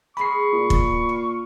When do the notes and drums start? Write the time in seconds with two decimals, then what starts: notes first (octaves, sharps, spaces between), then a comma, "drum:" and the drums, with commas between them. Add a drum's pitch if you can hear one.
0.17 G#3 A#3 G#4 B5 C#6 C7
0.53 A#2
0.70 drum: kick
1.09 F4